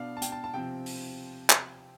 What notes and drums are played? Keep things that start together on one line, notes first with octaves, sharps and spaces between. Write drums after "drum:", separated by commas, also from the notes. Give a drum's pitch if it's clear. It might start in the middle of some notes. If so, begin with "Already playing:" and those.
Already playing: B2 B3 D4 F5
A5
G5, drum: hi-hat
A5
A5
C3 F3 C4 G5
drum: open hi-hat
drum: clap